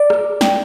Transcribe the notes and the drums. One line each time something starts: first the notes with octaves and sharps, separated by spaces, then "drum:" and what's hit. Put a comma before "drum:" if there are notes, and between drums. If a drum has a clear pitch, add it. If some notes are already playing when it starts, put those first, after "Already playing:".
Already playing: D5
drum: rim click
G5, drum: snare